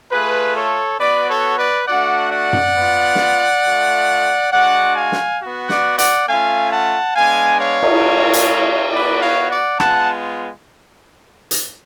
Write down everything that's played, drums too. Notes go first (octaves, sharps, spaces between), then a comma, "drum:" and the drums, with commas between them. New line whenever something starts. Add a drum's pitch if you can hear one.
A3 F4 G#4 B4
A4 C#5
B3 F#4 B4 D5
A4 C#5
B4 D5
A3 D4 F#4 D5 F#5
D5 F#5
drum: tom F#2
B3 F4
drum: snare
A3 F4
G#3 D4 F#4 D5 F#5
F5 G#5
drum: snare
B3 F#4
D5 F#5, drum: snare
D5 F#5, drum: hi-hat
A3 C#4 F4 F5 G#5
F#5 A5
G#3 B3 D4 F5 G#5
C#5 F5
drum: cymbal
A3 F4
drum: hi-hat
B3 F#4 B4 D5
C#5 F5
D5 F#5
G#3 B3 F4 F#5 A5, drum: rim click
drum: hi-hat